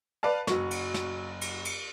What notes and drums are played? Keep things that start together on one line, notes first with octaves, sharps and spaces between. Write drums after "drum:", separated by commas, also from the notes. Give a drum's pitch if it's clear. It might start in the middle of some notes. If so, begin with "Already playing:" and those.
B4 D5 F5 A5
F#1 F#3 C#6, drum: snare
drum: cymbal
drum: snare
drum: cymbal
drum: cymbal